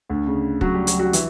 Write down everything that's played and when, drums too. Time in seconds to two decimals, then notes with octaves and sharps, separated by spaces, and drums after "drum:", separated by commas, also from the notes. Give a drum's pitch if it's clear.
0.09 D2 D3
0.27 C#3
0.61 F#3 F#4, drum: kick
0.74 G3 G4
0.87 F#3 F#4, drum: hi-hat
0.99 F#3 F#4
1.13 E3 E4, drum: hi-hat